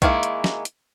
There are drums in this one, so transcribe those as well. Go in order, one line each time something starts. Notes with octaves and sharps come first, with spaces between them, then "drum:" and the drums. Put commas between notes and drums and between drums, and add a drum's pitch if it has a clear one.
D#3 G#3 A#3 E4, drum: kick B1, hi-hat
drum: hi-hat
drum: snare
drum: hi-hat